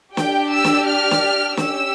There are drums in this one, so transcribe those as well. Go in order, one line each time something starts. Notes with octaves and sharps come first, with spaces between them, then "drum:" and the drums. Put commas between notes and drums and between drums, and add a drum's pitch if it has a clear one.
D4 G4 G5, drum: snare
E6
drum: snare
F6
drum: snare
C#4 G4 E6, drum: snare